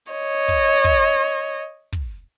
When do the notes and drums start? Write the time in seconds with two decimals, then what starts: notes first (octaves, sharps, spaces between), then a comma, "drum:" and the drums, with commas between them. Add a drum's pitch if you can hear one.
0.12 C#5 D#5
0.48 drum: kick, hi-hat
0.84 drum: kick, hi-hat
1.20 drum: open hi-hat
1.93 drum: kick